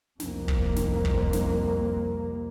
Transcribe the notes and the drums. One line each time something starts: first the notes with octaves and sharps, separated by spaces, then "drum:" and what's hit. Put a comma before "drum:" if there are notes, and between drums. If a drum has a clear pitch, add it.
C2 F2 A#3, drum: snare
drum: kick
drum: snare
drum: kick
drum: snare